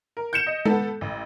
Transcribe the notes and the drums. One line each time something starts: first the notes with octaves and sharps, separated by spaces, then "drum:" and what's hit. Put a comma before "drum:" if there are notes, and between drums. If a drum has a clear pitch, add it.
A#4
G6 C#7 E7
D#5
B3 A4, drum: tom G#3
A1